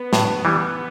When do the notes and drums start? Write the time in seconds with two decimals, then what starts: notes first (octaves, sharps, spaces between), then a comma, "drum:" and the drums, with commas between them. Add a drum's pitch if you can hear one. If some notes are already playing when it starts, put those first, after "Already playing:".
Already playing: B3
0.13 A2, drum: snare
0.45 E3 G3